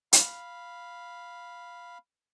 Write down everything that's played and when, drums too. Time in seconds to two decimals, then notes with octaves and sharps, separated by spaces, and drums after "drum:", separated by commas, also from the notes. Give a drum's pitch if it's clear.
0.13 F5 B5, drum: hi-hat